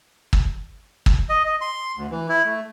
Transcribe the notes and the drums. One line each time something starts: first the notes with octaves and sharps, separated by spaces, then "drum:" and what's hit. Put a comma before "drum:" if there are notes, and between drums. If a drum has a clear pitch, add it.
drum: kick
drum: kick
D#5
D#5
C6
D2
E3
E4
A3